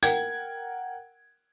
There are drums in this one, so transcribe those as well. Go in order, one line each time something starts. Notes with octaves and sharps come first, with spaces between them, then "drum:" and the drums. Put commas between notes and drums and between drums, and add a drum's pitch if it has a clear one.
A#4 F#5 G5 G#6, drum: tambourine